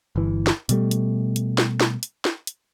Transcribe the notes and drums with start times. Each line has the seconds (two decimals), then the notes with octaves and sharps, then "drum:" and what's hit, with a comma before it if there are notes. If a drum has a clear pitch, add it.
0.16 G1 E3
0.47 drum: snare
0.69 B2 G3 A3, drum: hi-hat
0.91 drum: hi-hat
1.36 drum: hi-hat
1.58 drum: snare
1.80 drum: snare
2.03 drum: hi-hat
2.25 drum: snare
2.47 drum: hi-hat